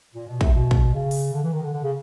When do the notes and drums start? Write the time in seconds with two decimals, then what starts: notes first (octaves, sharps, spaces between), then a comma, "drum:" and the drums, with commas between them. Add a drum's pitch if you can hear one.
0.14 A#2
0.27 B2
0.41 C3, drum: kick
0.53 B2
0.71 drum: kick
0.94 C#3
1.11 drum: open hi-hat
1.33 D3
1.42 E3
1.53 D#3
1.62 D3
1.73 D3
1.83 C#3